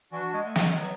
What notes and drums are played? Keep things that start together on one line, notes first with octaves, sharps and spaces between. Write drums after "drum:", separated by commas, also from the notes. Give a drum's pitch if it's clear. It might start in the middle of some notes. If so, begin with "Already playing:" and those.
E3 D4 F#4
G#3
A3
G#3, drum: snare
G#3
F#3 B3